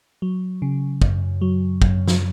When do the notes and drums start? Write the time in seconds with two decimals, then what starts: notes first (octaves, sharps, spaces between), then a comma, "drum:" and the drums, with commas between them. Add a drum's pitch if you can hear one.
0.22 F#3
0.62 C#3
1.02 F#2, drum: kick
1.41 F#3
1.82 F#2, drum: kick
2.08 drum: snare